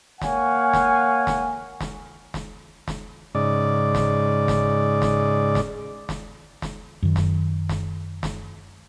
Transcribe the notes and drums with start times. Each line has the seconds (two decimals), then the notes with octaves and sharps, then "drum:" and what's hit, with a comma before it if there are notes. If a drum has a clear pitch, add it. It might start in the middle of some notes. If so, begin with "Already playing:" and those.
0.22 A#3 C#5 F5 F#5 G#5, drum: snare
0.73 drum: snare
1.27 drum: snare
1.81 drum: snare
2.34 drum: snare
2.88 drum: snare
3.35 G#2 C#3 D5
3.95 drum: snare
4.48 drum: snare
5.02 drum: snare
5.55 drum: snare
6.09 drum: snare
6.62 drum: snare
7.02 F#2 D#3
7.16 drum: snare
7.69 drum: snare
8.23 drum: snare